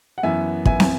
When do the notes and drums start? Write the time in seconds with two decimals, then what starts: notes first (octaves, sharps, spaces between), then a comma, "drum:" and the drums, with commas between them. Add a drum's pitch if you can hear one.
0.18 F#5
0.23 F#2 E3 B3 E5 G#5
0.65 F#2 E3 B3 E5 G#5, drum: kick
0.80 drum: snare